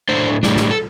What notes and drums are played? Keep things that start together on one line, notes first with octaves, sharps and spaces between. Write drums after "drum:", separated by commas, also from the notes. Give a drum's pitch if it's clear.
A2 A3 D4 C5
A2 G3 D4, drum: snare
drum: snare
A4